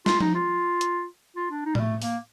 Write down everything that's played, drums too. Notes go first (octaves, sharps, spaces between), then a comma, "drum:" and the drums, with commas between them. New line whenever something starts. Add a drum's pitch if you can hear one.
F4, drum: snare
D#4, drum: tom F3
F4
drum: hi-hat
F4
D4
D#4
G3, drum: tom A2
A3
A#3, drum: open hi-hat